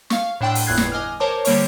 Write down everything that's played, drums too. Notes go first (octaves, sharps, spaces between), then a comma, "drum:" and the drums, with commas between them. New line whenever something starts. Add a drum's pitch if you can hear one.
F5 C#6, drum: snare
A2 D4 F#5 G5 C6 E6
drum: open hi-hat
G1 E2 F#6 G#6 C7
drum: snare
D#5 G#5 D6 F6
A#4 C5 C#5 A5 D6
D3 G3 A#3 G4 C#5 C#6, drum: open hi-hat